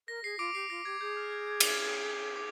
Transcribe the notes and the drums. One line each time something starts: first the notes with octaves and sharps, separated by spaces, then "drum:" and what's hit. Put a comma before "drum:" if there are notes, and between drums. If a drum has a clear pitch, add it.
A#4 A#6
G#4 C7
F4 D6 D7
G4 C7
F4 A#6
G4 G#6
G#4 G6
F6
G6
G6
drum: cymbal
F6
D6